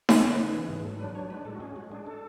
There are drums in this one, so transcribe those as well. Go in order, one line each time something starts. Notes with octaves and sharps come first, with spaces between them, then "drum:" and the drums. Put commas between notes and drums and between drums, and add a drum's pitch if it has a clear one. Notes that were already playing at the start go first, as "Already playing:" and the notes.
C#3, drum: snare D#4
C#3
B4
C#3 C#5
E3 B4
G#2 G#4
F#3 A4
D4 B4
D4 C#5
G#3 B4
A2 A4
F#4
C#4 G#4
G#3 F#4
D4 G#4
A4